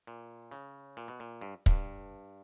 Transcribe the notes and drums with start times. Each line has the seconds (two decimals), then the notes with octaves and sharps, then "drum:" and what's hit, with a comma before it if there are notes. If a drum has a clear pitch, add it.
0.07 A#2
0.51 C#3
0.97 A#2
1.08 B2
1.20 A#2
1.41 G2
1.66 G2, drum: kick